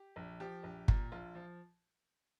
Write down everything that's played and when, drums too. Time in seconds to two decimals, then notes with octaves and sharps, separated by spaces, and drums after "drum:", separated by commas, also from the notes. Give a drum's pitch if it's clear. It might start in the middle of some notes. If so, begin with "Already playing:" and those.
Already playing: G4
0.16 A#1
0.40 F3 G4
0.63 A#1
0.88 A#2, drum: kick
1.12 A#1 F4
1.35 F3